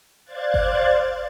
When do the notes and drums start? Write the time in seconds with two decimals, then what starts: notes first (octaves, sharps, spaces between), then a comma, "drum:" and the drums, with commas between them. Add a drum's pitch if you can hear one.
0.24 C5 D5 F5 F#6 G#6 A6
0.54 drum: kick G1